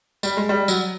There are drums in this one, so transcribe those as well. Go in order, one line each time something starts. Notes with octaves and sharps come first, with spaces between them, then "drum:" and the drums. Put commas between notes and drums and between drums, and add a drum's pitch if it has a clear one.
G3, drum: tambourine
G#3
G3
F#3, drum: tambourine